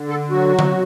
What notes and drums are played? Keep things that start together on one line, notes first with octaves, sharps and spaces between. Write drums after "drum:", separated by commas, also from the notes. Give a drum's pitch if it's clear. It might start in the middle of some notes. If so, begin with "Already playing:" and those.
Already playing: D3
A4
F#3 F#4
drum: tom D3